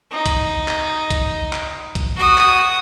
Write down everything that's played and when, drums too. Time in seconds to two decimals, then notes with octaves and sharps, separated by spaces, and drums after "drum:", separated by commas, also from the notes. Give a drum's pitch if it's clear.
0.12 D#4
0.26 drum: kick C2, hi-hat
0.68 drum: clap
1.10 drum: kick C2, hi-hat
1.53 drum: clap
1.95 drum: kick C2, hi-hat
2.17 F#4 D#6
2.38 drum: clap